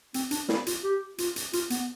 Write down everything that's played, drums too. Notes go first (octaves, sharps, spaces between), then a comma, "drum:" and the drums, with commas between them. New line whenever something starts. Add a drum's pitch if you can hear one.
C4, drum: hi-hat
D4, drum: hi-hat
E4, drum: snare
F4, drum: hi-hat
G4
F4, drum: hi-hat
drum: hi-hat
F4, drum: hi-hat
B3, drum: hi-hat